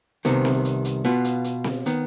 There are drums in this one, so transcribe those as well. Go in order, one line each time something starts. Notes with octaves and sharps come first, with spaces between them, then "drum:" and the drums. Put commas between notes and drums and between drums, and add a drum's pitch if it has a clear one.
C2 C3 D#3 B3, drum: hi-hat
drum: snare C4
drum: hi-hat
drum: hi-hat
B2 B3 F4
drum: hi-hat
drum: hi-hat
drum: snare C4
D#3 B3, drum: hi-hat